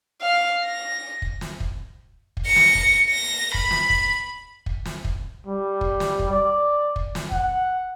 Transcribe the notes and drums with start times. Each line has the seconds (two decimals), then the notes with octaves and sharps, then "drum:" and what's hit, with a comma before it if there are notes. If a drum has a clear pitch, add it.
0.22 F5
0.65 A#6
1.22 drum: kick
1.41 drum: snare
1.60 drum: kick
2.37 drum: kick
2.46 A#6 C#7
2.56 drum: snare
2.75 drum: kick
3.10 A#6
3.54 B5, drum: kick
3.71 drum: snare
3.90 drum: kick
4.66 drum: kick
4.85 drum: snare
5.05 drum: kick
5.47 G3
5.81 drum: kick
6.00 drum: snare
6.19 drum: kick
6.31 D5
6.96 drum: kick
7.15 drum: snare
7.32 F#5, drum: kick